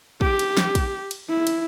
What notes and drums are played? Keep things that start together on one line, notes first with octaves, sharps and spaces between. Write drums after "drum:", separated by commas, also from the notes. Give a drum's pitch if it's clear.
G4, drum: kick
drum: cymbal
drum: snare
drum: kick, cymbal
drum: cymbal
E4
drum: cymbal